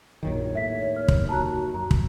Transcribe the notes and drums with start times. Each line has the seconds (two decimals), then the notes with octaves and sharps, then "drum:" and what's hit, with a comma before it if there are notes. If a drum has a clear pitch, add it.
0.23 A#1 F#2 D#3 C#5
0.55 D#2 A2 E5 B6
0.96 F6
1.08 drum: kick
1.29 F#4 A5 A#5 F#6
1.74 F#2 A#5
1.91 drum: kick